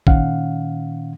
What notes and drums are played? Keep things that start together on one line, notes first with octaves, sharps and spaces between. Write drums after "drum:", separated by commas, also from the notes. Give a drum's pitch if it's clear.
A#2 D#3 C#4 F5 F#5, drum: kick